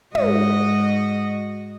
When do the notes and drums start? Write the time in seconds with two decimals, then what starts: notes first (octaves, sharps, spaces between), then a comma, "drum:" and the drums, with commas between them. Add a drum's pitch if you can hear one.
0.15 G#2 F#4 D#5, drum: tom